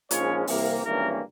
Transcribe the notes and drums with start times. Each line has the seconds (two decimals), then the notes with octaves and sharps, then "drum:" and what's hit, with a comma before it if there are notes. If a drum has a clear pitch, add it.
0.11 A#1 G#2 F3 G#3 C#4 C#5, drum: hi-hat
0.47 C2 C3 E3 A#3, drum: open hi-hat
0.83 G#1 G2 E3 A#3 C#4 A#4